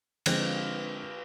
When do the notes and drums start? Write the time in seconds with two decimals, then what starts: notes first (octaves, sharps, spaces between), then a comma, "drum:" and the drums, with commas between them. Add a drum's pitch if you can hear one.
0.26 D3 F3 G#3 C4, drum: cymbal